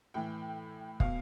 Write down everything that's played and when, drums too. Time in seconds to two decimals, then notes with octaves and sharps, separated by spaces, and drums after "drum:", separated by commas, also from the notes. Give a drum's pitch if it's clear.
0.14 A2 E3 G5
1.00 B2 F5, drum: kick